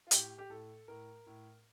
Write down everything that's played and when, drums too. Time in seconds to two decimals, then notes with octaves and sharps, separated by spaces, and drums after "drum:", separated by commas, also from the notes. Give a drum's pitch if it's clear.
0.07 F4
0.11 A2 G4, drum: hi-hat
0.38 G4
0.50 A2 A4
0.88 A2 A#4
1.27 A2